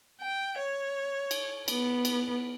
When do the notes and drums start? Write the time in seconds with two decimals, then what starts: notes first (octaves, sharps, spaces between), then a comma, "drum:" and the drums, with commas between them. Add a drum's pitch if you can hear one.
0.21 G5
0.58 C#5
1.31 drum: cymbal
1.68 B3, drum: cymbal
2.05 drum: cymbal